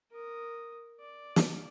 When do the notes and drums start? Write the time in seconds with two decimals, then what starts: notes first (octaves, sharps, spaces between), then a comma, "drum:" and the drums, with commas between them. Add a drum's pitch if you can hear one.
0.12 A#4 D#6
1.00 D5
1.36 drum: snare